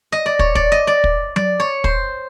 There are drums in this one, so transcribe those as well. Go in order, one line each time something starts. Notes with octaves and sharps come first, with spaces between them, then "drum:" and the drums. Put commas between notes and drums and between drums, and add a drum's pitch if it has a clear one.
D#5
D5
C#5, drum: kick
D5, drum: kick
D#5
D5
drum: kick
D5, drum: tom F#3
C#5
C5, drum: kick